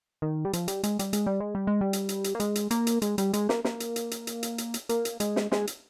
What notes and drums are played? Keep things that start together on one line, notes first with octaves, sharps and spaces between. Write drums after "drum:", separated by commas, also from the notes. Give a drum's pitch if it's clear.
D#3
G3
F3, drum: hi-hat
G3, drum: hi-hat
G#3, drum: hi-hat
G3, drum: hi-hat
G#3, drum: hi-hat
G3
G#3
G3
G#3
G3
drum: hi-hat
drum: hi-hat
drum: hi-hat
A#3
G#3, drum: hi-hat
drum: hi-hat
A#3, drum: hi-hat
drum: hi-hat
G#3, drum: hi-hat
G3, drum: hi-hat
G#3, drum: hi-hat
A#3, drum: snare
A#3, drum: snare
drum: hi-hat
drum: hi-hat
drum: hi-hat
drum: hi-hat
drum: hi-hat
drum: hi-hat
drum: hi-hat
A#3, drum: hi-hat
drum: hi-hat
G#3, drum: hi-hat
drum: snare
G#3, drum: snare
drum: hi-hat